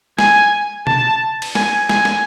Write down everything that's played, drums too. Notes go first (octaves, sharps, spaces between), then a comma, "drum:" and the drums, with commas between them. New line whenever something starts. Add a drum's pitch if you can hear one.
G#5, drum: snare
A5, drum: tom B2
drum: cymbal
G#5, drum: snare
G#5, drum: snare
drum: snare